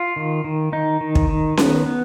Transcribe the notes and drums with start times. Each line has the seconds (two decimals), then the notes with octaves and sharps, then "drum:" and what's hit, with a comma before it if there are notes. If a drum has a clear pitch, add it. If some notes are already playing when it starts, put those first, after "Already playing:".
Already playing: F4
0.16 D#3
0.44 D#3
0.72 D#3 D#4
1.01 D#3
1.15 drum: kick
1.29 D#3
1.57 B3, drum: snare C#4
1.86 B3